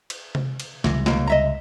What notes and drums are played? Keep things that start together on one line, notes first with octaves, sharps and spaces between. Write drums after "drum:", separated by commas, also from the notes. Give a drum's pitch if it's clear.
drum: cymbal
drum: tom C3
drum: cymbal
C#2 C3 E3 G3, drum: snare
D#2 A#3, drum: snare
D#5 E5 A#5